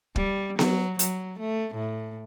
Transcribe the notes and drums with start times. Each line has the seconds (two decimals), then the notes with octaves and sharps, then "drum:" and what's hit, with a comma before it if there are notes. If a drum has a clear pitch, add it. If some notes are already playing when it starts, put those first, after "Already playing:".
0.16 G3, drum: kick
0.59 F#3, drum: snare B3
0.99 F#3, drum: hi-hat
1.40 A3
1.75 A2